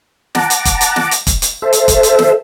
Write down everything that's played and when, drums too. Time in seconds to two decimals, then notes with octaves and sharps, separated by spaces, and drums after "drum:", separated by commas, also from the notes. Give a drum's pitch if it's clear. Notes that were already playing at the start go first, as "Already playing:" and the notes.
0.35 F#5 A5 A#5 D6, drum: snare
0.50 drum: hi-hat
0.65 drum: kick F1, hi-hat
0.81 drum: hi-hat
0.96 drum: snare
1.11 drum: hi-hat
1.27 drum: kick F1, hi-hat
1.42 drum: hi-hat
1.62 A4 C5 E5
1.73 drum: hi-hat
1.88 drum: kick F1, hi-hat
2.03 drum: hi-hat
2.19 drum: snare